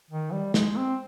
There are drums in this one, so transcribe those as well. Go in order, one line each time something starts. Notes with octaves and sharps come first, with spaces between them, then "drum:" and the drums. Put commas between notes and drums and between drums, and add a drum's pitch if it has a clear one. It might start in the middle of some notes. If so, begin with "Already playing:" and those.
D#3
G3
G#3, drum: snare
C4